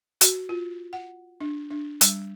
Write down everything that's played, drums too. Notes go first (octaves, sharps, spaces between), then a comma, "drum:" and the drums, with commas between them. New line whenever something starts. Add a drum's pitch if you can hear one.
F#4, drum: hi-hat
F4
F#5
D4
D4
G3, drum: hi-hat